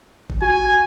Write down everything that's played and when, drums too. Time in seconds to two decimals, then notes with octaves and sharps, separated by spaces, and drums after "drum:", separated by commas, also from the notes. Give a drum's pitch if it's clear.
0.30 drum: kick G#1
0.41 F#4 G#5